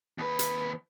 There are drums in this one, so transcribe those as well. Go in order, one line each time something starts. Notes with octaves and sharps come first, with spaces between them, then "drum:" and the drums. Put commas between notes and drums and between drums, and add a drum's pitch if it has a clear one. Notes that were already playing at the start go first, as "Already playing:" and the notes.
D#2 B4
drum: hi-hat